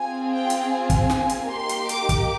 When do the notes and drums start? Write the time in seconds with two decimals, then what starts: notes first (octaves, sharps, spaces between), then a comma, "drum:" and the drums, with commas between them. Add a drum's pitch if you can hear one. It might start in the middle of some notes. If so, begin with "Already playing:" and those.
Already playing: C4 F4 G#4 G#5
0.30 G5
0.50 drum: hi-hat
0.70 G#5
0.90 drum: kick, hi-hat
1.10 drum: snare
1.29 drum: hi-hat
1.49 A#3 D#4 G4 C6
1.69 drum: hi-hat
1.89 D6, drum: hi-hat
2.09 drum: kick, hi-hat